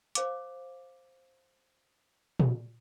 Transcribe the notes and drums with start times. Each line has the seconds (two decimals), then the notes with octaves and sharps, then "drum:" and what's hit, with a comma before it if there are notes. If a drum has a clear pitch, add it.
0.15 C5 F5 D6, drum: hi-hat
2.40 drum: tom A#2